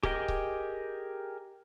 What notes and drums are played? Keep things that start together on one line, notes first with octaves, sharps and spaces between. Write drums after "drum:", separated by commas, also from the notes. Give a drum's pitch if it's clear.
G4 G#4 A#4 D#5 G5, drum: kick C#1
drum: kick C#1